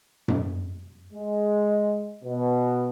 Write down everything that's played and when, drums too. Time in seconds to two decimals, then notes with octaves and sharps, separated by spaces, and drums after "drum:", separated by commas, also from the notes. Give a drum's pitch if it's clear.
0.28 drum: tom F#2
1.12 G#3
2.23 B2